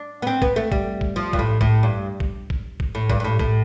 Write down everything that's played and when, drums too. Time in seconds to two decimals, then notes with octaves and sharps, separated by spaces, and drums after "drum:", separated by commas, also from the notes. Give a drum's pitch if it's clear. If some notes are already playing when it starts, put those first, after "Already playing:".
Already playing: D4
0.22 B3
0.27 C4
0.42 B3, drum: kick A#1
0.56 A3
0.72 G3, drum: kick A#1
1.01 drum: kick A#1
1.16 F3
1.33 G2, drum: kick A#1
1.39 A2
1.61 A2, drum: kick A#1
1.83 G2
2.20 drum: kick A#1
2.50 drum: kick A#1
2.80 drum: kick A#1
2.95 A2
3.10 G2, drum: kick A#1
3.20 G2
3.24 A2
3.39 A2, drum: kick A#1